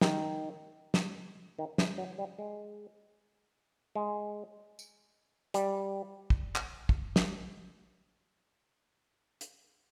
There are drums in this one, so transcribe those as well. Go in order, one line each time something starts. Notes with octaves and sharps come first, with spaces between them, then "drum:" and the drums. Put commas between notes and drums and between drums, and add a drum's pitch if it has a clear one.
D#3, drum: snare
drum: snare
D#3
E3, drum: snare
F#3
G3
G#3
G#3
drum: tambourine
G3, drum: hi-hat
drum: kick
drum: clap
drum: kick
drum: snare
drum: hi-hat